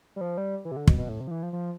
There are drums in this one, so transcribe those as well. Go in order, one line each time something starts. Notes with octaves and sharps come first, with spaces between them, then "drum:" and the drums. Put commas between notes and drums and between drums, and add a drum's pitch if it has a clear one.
G3
F3
G3
E3
C3
D3
B2, drum: kick
B2
A2
C3
F3
E3
F3
F3